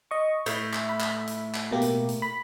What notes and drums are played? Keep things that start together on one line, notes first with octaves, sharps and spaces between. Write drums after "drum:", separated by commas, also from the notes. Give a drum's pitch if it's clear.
D#5 C#6
A2 E4 G6, drum: hi-hat
drum: clap
B5
drum: clap
drum: hi-hat
drum: clap
B2 A#3 G4
drum: hi-hat
drum: hi-hat
B5